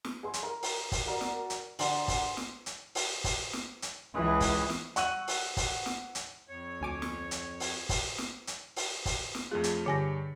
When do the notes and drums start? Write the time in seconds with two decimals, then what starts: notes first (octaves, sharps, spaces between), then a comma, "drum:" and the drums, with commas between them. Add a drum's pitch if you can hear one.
0.04 drum: snare
0.23 G#4 B4 C6
0.34 drum: hi-hat
0.43 A#4
0.63 drum: open hi-hat
0.92 drum: kick, open hi-hat
1.06 F#4 A#4 D5
1.21 drum: snare
1.50 drum: hi-hat
1.79 D3 D5 F#5 G#5 A#5 C6, drum: open hi-hat
2.08 drum: kick, open hi-hat
2.37 drum: snare
2.66 drum: hi-hat
2.95 drum: open hi-hat
3.24 drum: kick, open hi-hat
3.53 drum: snare
3.82 drum: hi-hat
4.15 C#2 E3 C#4 G#4 B4
4.40 drum: kick, open hi-hat
4.70 drum: snare
4.96 F#5 C#6 E6 F#6 D#7 F#7, drum: hi-hat
5.28 drum: open hi-hat
5.57 drum: kick, open hi-hat
5.86 drum: snare
6.15 drum: hi-hat
6.49 F2 C#5
6.81 D2 G#5 D6
7.02 drum: snare
7.31 drum: hi-hat
7.60 drum: open hi-hat
7.89 drum: kick, open hi-hat
8.18 drum: snare
8.47 drum: hi-hat
8.76 drum: open hi-hat
9.05 drum: kick, open hi-hat
9.35 drum: snare
9.51 F2 A3 F4 G#4
9.64 drum: hi-hat
9.86 G2 D3 G4 G#5 A#6 C#7